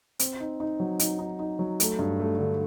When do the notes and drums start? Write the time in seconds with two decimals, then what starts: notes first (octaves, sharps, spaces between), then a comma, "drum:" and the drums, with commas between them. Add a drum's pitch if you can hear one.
0.19 C4, drum: hi-hat
0.40 D#4
0.60 D#4
0.80 F#3
0.99 D#4, drum: hi-hat
1.19 D#4
1.39 D#4
1.59 F#3
1.80 A3, drum: hi-hat
1.99 G2
2.20 A3
2.39 D3